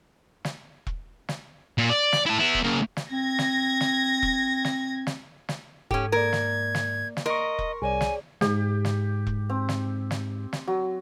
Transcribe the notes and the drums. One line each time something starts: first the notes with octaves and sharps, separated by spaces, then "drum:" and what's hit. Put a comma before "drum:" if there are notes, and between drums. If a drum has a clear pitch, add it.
drum: snare
drum: kick E1
drum: snare
A#2
D5
drum: snare
E4 A5
B3 E4
drum: kick E1
C#3 A#3
drum: snare
C4 G#6 A#6
drum: snare
drum: snare
drum: kick E1
drum: snare
drum: snare
drum: snare
G#2 C#4 G4 A4, drum: kick E1
A#3 A#4 D5 G#6
drum: snare
drum: snare
drum: snare
A#4 D#5 C6 C#6
drum: kick E1
C2 G#4 C#5 D5 G#5
drum: snare
G#2 G4, drum: snare
drum: snare
drum: kick E1
C4
drum: snare
drum: snare
drum: snare
F#3